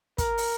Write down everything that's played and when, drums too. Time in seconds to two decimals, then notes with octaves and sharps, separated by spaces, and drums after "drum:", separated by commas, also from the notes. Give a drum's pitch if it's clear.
0.18 A#4, drum: kick, hi-hat
0.38 drum: open hi-hat